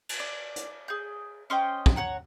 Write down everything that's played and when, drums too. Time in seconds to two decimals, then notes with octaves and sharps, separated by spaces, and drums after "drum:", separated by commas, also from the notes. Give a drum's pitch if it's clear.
0.09 drum: cymbal
0.20 D5
0.56 drum: hi-hat
0.88 G#4 G6
1.50 C#4 C5 D#5 G5
1.86 drum: kick
1.96 C#5 F#5 A#5